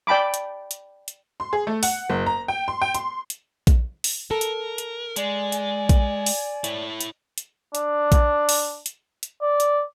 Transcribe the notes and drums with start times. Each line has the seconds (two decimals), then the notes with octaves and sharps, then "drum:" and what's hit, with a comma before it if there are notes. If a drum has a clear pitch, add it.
0.07 D5 G5 A5 B5 D6
0.34 drum: hi-hat
0.71 drum: hi-hat
1.08 drum: hi-hat
1.40 C6
1.53 G#4
1.67 A3
1.83 F#5, drum: open hi-hat
2.10 F#1
2.26 A#5
2.48 G5
2.68 C6
2.82 G5
2.95 C6, drum: hi-hat
3.30 drum: hi-hat
3.67 drum: kick A#1, hi-hat
4.04 drum: open hi-hat
4.31 A4 A#4
4.41 drum: hi-hat
4.78 drum: hi-hat
5.16 G#3 D5 G#5, drum: hi-hat
5.52 drum: hi-hat
5.89 drum: kick A#1, hi-hat
6.26 drum: open hi-hat
6.64 E4 C#5, drum: hi-hat
7.01 drum: hi-hat
7.38 drum: hi-hat
7.75 D4, drum: hi-hat
8.12 drum: kick A#1, hi-hat
8.49 drum: open hi-hat
8.86 drum: hi-hat
9.23 drum: hi-hat
9.42 D5
9.60 drum: hi-hat